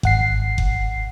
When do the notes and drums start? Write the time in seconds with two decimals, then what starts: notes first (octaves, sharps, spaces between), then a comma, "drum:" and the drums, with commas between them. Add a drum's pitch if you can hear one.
0.03 G#1 F#5 C7, drum: kick F#1
0.58 drum: kick F#1